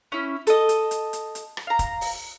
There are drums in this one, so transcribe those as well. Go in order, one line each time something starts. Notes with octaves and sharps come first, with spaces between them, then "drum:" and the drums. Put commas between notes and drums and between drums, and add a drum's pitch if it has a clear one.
C#4 E4
A4 D#5, drum: hi-hat
drum: hi-hat
drum: hi-hat
drum: hi-hat
drum: hi-hat
drum: rim click
F5 A#5
drum: kick, hi-hat
drum: open hi-hat